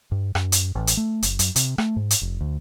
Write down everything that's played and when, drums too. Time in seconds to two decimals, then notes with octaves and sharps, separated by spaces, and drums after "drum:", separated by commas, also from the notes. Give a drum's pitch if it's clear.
0.12 G2
0.35 F#2, drum: rim click
0.52 drum: hi-hat
0.75 A1
0.87 drum: hi-hat
0.97 A3
1.22 F#1, drum: hi-hat
1.39 F#2, drum: hi-hat
1.56 C3, drum: hi-hat
1.78 A3, drum: rim click
1.96 G#2
2.11 drum: hi-hat
2.21 F1
2.41 D2